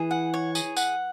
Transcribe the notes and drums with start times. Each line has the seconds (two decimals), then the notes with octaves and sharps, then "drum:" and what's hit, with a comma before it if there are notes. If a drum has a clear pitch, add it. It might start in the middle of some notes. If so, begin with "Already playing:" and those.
Already playing: E3 G#4
0.11 F#5
0.34 C#5
0.55 G#4, drum: tambourine
0.77 F#5, drum: tambourine